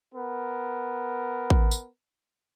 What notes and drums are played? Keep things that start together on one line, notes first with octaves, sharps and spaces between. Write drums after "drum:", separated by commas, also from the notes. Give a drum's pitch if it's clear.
B3 A#4
drum: kick A1
drum: tambourine